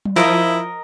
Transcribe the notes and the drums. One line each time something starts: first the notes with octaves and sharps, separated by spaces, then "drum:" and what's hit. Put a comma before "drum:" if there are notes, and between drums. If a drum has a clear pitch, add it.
drum: tom F#3
F3 E4 A#4 B4 D#5